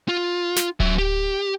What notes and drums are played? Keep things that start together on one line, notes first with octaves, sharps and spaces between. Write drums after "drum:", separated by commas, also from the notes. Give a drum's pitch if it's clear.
F4
drum: snare
F#3 E5, drum: kick D1
G4